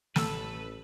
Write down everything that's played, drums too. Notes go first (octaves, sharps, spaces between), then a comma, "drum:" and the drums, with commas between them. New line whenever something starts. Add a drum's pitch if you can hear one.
A1 A3 A4 B4 A5 E6, drum: snare